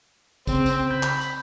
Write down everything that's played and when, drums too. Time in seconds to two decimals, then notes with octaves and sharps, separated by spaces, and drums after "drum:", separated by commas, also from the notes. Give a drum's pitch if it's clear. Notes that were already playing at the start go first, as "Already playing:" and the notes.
0.47 C#3 C4, drum: kick, tambourine
0.66 drum: tambourine
0.91 B5 G6
1.03 drum: clap
1.21 drum: tambourine